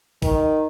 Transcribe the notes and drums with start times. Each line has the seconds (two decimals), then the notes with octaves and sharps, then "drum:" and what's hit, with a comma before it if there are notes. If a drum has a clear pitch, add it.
0.22 D#3, drum: kick, open hi-hat